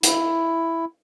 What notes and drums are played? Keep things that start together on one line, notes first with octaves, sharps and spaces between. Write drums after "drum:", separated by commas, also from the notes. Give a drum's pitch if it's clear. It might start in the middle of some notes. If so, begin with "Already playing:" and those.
E4, drum: hi-hat